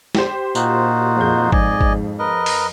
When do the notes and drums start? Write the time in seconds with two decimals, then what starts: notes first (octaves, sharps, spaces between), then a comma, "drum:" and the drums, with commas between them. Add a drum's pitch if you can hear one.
0.15 G4 C5, drum: snare
0.55 A#2 D#4 F4 F#4, drum: tambourine
1.16 F2 G#4 G6
1.52 G#2 D5 D#5 G#5, drum: kick
1.81 drum: kick
2.19 A#4 B4 D#5
2.46 drum: open hi-hat